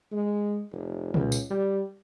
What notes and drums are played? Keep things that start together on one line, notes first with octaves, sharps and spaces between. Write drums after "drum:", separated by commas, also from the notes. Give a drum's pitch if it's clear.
G#3
F1
C#2, drum: tom
drum: tambourine
G3